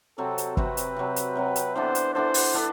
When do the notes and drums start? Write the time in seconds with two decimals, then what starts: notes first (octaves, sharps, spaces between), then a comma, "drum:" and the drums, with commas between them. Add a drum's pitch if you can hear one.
0.18 C3 F#3 C4 A4
0.38 drum: hi-hat
0.57 C3 F#3 C4 B4, drum: kick
0.77 drum: hi-hat
0.96 C3 F#3 C4
1.16 drum: hi-hat
1.36 C3 F#3 C4
1.56 drum: hi-hat
1.75 E3 B3 D4 A4 C5
1.95 drum: hi-hat
2.14 E3 B3 D4 A4 C5
2.34 drum: open hi-hat
2.54 E3 B3 D4 A4